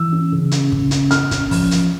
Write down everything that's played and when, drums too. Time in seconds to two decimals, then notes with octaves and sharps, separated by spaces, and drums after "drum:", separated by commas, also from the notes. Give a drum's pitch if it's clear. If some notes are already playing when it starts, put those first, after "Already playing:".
Already playing: E3 E6
0.12 C#4
0.32 C#3
0.51 C#4, drum: hi-hat
0.72 C#3, drum: kick
0.91 C#4, drum: hi-hat
1.11 C#4 F6, drum: hi-hat
1.31 C#4, drum: kick, hi-hat
1.51 F3, drum: kick, open hi-hat
1.71 F3, drum: hi-hat